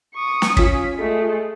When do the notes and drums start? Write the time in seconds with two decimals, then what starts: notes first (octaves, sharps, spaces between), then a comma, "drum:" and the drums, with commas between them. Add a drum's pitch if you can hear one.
0.15 C#6 D#6
0.42 drum: snare
0.57 C#4 F4 B6, drum: kick
0.98 G#3 A3